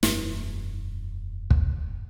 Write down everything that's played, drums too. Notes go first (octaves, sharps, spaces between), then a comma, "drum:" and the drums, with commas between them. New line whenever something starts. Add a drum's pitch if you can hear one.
E1 F#2, drum: snare
drum: kick